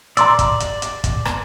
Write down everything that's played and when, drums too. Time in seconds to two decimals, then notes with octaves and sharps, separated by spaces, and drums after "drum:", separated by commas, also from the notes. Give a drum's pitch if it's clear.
0.17 D5 A#5 C6 E6, drum: hi-hat
0.39 drum: kick, hi-hat
0.60 drum: hi-hat
0.82 drum: hi-hat
1.04 drum: kick, hi-hat
1.25 drum: rim click